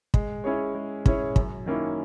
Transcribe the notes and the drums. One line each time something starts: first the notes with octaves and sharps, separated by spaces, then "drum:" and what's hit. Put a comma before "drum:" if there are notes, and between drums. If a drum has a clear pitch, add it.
G#3, drum: kick
C#4 E4 G#4 C#5
G#3
C#4 E4 G#4 C#5, drum: kick
F#2, drum: kick
D#3 A#3 C#4 E4